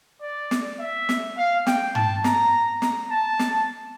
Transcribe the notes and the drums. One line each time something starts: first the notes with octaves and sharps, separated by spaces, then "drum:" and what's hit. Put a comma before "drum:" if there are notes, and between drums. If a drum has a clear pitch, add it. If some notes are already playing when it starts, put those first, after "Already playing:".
D5
drum: snare
E5
drum: snare
F5
G5, drum: snare
A5, drum: tom
A#5, drum: snare
A#5, drum: snare
A5
drum: snare